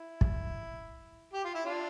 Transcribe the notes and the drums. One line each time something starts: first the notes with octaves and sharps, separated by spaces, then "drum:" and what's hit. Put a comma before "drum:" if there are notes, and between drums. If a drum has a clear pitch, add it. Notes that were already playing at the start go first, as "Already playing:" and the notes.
Already playing: E4
drum: kick
G4
F4
E4
D4 F4